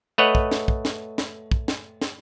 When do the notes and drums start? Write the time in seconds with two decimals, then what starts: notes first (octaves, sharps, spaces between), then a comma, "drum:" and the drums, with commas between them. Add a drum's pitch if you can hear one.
0.18 A3 B4 C#5 D#5 F#5
0.35 drum: kick
0.51 drum: snare
0.68 drum: kick
0.85 drum: snare
1.18 drum: snare
1.51 drum: kick
1.68 drum: snare
2.02 drum: snare